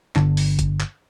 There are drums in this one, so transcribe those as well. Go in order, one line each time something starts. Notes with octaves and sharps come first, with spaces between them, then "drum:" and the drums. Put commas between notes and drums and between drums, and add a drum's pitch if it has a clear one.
G1 D3 D4, drum: clap
drum: open hi-hat
drum: kick, hi-hat
drum: clap